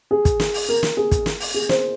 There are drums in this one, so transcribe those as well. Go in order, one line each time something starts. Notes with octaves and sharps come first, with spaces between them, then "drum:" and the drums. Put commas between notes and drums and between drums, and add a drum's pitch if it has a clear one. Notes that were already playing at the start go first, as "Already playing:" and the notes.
G#4
drum: kick, hi-hat
drum: snare
drum: open hi-hat
A#4
drum: snare
G#4
drum: kick, hi-hat
drum: snare
drum: open hi-hat
G#4
C5, drum: snare